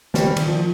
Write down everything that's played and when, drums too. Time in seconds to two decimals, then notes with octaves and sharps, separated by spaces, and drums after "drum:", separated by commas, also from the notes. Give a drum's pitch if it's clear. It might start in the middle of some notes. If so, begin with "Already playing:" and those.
0.14 D#3 G3, drum: snare
0.37 D#3, drum: cymbal
0.48 F3